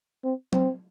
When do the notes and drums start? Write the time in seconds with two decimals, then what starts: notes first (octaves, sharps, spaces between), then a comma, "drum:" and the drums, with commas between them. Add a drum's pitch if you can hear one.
0.24 C4
0.53 C4, drum: tom F#3